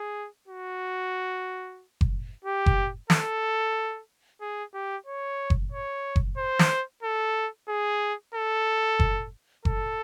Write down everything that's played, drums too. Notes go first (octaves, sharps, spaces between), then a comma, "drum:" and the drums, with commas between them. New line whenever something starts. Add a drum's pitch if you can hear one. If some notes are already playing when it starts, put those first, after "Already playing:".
Already playing: G#4
F#4
drum: kick F#1
G4
drum: kick F#1
A4, drum: snare
G#4
G4
C#5
drum: kick F#1
C#5
drum: kick F#1
C5
drum: snare
A4
G#4
A4
drum: kick F#1
A4, drum: kick F#1